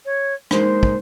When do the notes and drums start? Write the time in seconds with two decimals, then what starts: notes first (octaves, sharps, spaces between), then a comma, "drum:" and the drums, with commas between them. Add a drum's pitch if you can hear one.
0.05 C#5
0.51 G#3 A#3 D#4 C5, drum: rim click
0.83 drum: kick